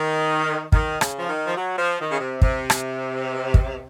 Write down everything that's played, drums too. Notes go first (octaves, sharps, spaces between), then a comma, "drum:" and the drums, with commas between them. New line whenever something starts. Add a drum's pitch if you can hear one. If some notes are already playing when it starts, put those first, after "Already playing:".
Already playing: D#3
D#3, drum: kick
C#3, drum: rim click
F3
D#3
F3
F#3
F3
D#3
C#3
C3
C3, drum: kick
drum: rim click
drum: kick